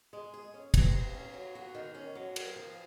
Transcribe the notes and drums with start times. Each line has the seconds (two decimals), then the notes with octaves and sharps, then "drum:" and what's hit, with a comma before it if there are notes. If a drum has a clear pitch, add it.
0.13 G#3
0.34 G#4
0.54 C#4
0.74 C3, drum: kick, cymbal
0.93 C3
1.14 C#4
1.34 F#3
1.55 F#4
1.75 D#3
1.94 C#4
2.15 F#3
2.36 A#4, drum: cymbal
2.56 F3